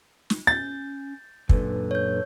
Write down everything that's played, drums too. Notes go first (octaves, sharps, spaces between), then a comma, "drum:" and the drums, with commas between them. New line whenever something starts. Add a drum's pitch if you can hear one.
drum: snare
C#4 G6 A6
F#2 A#2 D4 A4 B4, drum: kick
C#5 G6